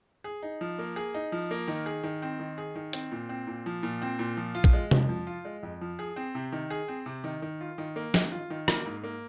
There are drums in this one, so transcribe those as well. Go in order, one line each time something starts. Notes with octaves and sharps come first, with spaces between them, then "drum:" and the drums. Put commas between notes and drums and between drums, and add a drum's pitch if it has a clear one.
G#4
D#4
F3
A#3
G#4
D#4
F3
A#3
D#3
G#4
D#3
C4
D#3
G#4
D#3
C4, drum: hi-hat
A#2
C4
A#2
F3
A#2
C4
A#2
F3
F4
drum: kick
G#3
F2, drum: tom C3
F3
F4
G#3
F2
F3
G#4
C4
C3
D#3
G#4
C4
C3
D#3
D#3
F4
D#3
A#3
D#3, drum: snare
F4
D#3
A#3, drum: rim click
G#2
A#3